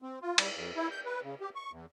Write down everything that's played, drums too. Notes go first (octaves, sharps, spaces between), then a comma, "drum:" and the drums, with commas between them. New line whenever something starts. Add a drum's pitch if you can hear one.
C4
F4
G3, drum: cymbal
F2
E4
G6
B4
C#3
G4
C#6
E2